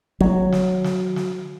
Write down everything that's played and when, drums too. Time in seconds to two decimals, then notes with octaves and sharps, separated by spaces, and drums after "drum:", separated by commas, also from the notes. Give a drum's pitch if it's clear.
0.21 F#3, drum: kick
0.52 drum: snare
0.84 drum: snare
1.16 drum: snare